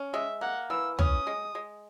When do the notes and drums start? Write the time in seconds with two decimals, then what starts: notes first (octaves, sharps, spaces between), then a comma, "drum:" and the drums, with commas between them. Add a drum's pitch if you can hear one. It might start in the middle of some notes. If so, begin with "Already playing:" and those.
Already playing: C#4
0.14 G#3 E5
0.41 A#3 F#5
0.70 E3 E6
0.99 C#4 D#6, drum: tom
1.27 G#3
1.55 G#3